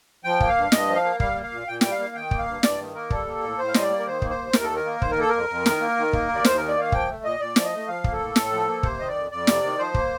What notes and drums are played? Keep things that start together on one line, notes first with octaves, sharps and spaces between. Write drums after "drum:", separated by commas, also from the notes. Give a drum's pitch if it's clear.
F3 G5
A#3, drum: kick
F5
G2
G2 D#5, drum: snare
F3
F5
A#3
G3 F5, drum: kick
A#3
F5
A#2
A#2 G5
G3 G5, drum: snare
F5
A#3
D#3 G5
A#3, drum: kick
F5
G2
G2 D5, drum: snare
D#3
A#3 A#4
G3 A4, drum: kick
A#3
A2
A2 C5
F5
G3 D#5, drum: snare
D5
A#3
A#4
D#3 C5
A#3, drum: kick
C5
D#2
D#2 A#4, drum: snare
A4
D#3
A#4
A#3
D#3 C5, drum: kick
A#4
A#3 A4
F2 A#4
F2
D#3, drum: snare
A#3
D#3
A#3, drum: kick
D#2
D5
D#2 C5, drum: snare
D#3 A#4
D5
A#3 F5
F3 G5, drum: kick
A3
A#2 D#5
A#2 D5
F3, drum: snare
D#5
A3
F3 F5
A#3, drum: kick
A4
A2
A2, drum: snare
F3
A#3
C3 C5, drum: kick
D#3 D#5
D5
F2
F2 D5
C3, drum: snare
D#3
F3 C5
A#3, drum: kick